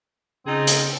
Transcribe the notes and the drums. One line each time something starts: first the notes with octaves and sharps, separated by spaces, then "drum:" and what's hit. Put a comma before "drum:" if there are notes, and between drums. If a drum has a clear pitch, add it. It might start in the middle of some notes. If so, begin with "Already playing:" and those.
C#3 C4 D#4 F4 G#4
drum: hi-hat